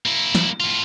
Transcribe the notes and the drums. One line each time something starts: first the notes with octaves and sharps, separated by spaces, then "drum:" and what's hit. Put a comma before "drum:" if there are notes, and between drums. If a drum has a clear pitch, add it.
A#3 E4
drum: snare
A2 F4